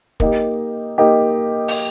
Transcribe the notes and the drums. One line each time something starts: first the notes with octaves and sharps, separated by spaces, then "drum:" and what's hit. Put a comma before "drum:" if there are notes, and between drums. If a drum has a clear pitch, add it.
A#3 D#4 G4, drum: kick
A#3 D#4 G4
drum: open hi-hat